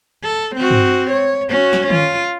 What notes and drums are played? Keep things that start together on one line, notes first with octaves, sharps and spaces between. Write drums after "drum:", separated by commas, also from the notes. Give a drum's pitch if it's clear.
A4
C4 F#4
drum: tom G2
C#5
C#4 F#4
drum: snare
F4, drum: tom D3